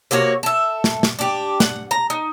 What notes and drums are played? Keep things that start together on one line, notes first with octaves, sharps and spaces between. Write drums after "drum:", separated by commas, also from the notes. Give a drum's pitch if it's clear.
C3 A#3 F#4 C#5
A4 E5
drum: snare
drum: snare
D4 G4
F#5, drum: snare
A#5
D#4